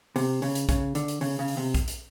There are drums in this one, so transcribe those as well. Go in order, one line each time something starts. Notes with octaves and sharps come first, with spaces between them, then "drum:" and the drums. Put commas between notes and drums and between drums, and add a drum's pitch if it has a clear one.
C3, drum: open hi-hat
C#3, drum: open hi-hat
drum: hi-hat
C#3, drum: kick, hi-hat
D3, drum: hi-hat
drum: hi-hat
C#3, drum: open hi-hat
C#3
drum: open hi-hat
C3
drum: kick, hi-hat
drum: hi-hat